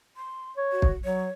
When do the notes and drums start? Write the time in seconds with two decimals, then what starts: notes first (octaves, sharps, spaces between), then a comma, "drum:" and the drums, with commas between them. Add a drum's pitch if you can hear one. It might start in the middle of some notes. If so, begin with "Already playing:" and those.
0.17 C6
0.57 C#5
0.72 F#4
0.82 drum: kick
1.04 F#3 C#5